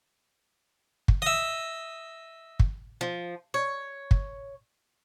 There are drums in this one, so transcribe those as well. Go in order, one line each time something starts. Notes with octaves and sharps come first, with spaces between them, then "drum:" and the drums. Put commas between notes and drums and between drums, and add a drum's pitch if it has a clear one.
drum: kick
D#5 E5
drum: kick
F3
C#5
drum: kick